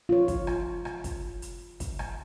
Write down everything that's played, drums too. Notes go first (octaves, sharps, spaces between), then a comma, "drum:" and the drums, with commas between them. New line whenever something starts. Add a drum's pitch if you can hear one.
F4 C#5
drum: kick, hi-hat
drum: rim click
drum: rim click
drum: kick, hi-hat
drum: hi-hat
drum: kick, hi-hat
drum: rim click